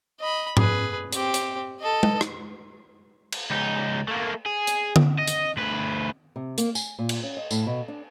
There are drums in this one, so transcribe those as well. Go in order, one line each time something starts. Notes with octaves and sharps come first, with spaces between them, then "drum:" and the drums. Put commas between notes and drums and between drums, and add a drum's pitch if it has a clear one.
D#5 B5
G#4 B4, drum: tom G#2
C4 G4, drum: hi-hat
drum: hi-hat
A4 D#5
drum: tom G#3
drum: rim click
drum: cymbal
C#2 D#4
A3 A#3
G#4
drum: hi-hat
drum: tom D3
D#5
drum: hi-hat
D2 B4
C3
A#3, drum: hi-hat
G#5, drum: tambourine
A#2
drum: cymbal
C#4
D#5
A2, drum: tambourine
B2
D4